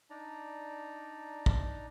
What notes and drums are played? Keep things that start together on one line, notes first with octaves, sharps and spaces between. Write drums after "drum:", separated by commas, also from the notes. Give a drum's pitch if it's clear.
D4 D#4 D5 A#5
drum: kick